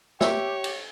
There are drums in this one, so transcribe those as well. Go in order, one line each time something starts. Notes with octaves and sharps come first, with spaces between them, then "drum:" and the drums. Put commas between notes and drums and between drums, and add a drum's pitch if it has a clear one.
G4 C#5 E5, drum: snare
drum: cymbal